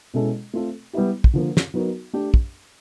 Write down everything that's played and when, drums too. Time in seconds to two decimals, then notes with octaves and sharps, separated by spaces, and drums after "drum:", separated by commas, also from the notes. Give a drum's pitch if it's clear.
0.14 B2 G#3 C#4 E4 A4
0.53 A3 C4 F4 A4
0.93 G3 B3 E4 G4
1.24 drum: kick
1.33 D3 F3 A#3
1.57 drum: snare
1.74 F#3 B3 D#4 F#4 A#4
2.13 A3 D4 G4
2.34 drum: kick